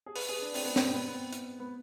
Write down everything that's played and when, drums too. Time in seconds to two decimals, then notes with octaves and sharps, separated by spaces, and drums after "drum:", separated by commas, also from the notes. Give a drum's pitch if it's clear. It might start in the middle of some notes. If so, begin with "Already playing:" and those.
0.06 G#4
0.16 B4, drum: open hi-hat
0.29 G#4
0.42 D4
0.54 C4, drum: open hi-hat
0.65 B3
0.76 C4, drum: snare
0.94 B3
1.01 C4
1.08 B3
1.33 drum: hi-hat
1.60 B3